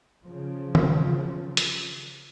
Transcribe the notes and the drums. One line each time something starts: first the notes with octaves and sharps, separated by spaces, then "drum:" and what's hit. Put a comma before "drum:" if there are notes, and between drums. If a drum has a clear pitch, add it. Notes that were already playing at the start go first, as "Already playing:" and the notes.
C#3 F3
drum: tom D#3
drum: hi-hat